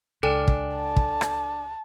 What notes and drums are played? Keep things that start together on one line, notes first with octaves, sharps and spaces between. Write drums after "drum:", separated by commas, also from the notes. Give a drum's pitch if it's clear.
C#2 D4 A4 G5 G#5
drum: kick
A5
drum: kick
drum: rim click